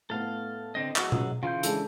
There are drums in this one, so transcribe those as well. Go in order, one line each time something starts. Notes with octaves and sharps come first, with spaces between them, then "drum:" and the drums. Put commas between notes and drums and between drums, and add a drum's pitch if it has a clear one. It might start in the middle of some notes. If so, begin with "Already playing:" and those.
A2 B3 A4 F5
D3 C4 D#5
F#3 F#4 G#4 D#5 E6, drum: clap
drum: tom B2
C#3 E3 F4 G6
G#3 D4 A4, drum: hi-hat